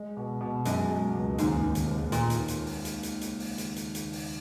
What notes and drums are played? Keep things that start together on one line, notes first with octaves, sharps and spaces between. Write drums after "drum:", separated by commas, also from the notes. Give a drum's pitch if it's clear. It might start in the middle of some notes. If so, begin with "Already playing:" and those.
Already playing: G#3
B2
B2
F#2 G#3, drum: hi-hat
G#3
C#2
D#2 G#2, drum: hi-hat
D#2
drum: hi-hat
D#2
A#2, drum: hi-hat
drum: hi-hat
drum: hi-hat
drum: open hi-hat
drum: hi-hat
drum: hi-hat
drum: hi-hat
drum: open hi-hat
drum: hi-hat
drum: hi-hat
drum: hi-hat
drum: open hi-hat